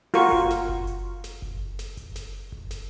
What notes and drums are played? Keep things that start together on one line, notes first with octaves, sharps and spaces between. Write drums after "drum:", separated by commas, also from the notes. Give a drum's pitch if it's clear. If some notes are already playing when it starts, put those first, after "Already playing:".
F4 F#4 A#4 C#6, drum: open hi-hat
drum: kick F#1
drum: snare
drum: kick F#1
drum: hi-hat
drum: snare
drum: kick F#1
drum: snare
drum: kick F#1, hi-hat
drum: snare
drum: kick F#1
drum: snare